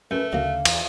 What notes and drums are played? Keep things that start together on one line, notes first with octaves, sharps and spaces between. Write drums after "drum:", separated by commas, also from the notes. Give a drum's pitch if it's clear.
F#2 A3 B4
D2 C#3 F#3 A#3 F5
E2, drum: cymbal